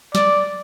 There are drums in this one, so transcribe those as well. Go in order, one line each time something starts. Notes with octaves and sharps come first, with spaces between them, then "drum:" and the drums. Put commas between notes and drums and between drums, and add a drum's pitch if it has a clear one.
D5, drum: snare